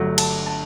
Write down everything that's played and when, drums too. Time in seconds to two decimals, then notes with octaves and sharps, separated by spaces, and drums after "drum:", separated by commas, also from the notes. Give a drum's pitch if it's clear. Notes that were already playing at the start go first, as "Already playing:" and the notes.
Already playing: G1 G2 F#3 A3
0.18 A5, drum: cymbal
0.47 A5